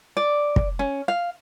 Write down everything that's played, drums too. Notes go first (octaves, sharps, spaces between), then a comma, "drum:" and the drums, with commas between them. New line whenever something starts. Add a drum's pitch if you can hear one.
D5
drum: kick
C#4
F5